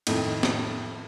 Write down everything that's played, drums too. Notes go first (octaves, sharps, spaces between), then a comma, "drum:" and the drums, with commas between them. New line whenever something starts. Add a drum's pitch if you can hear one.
F2 A2 D#3, drum: cymbal
drum: snare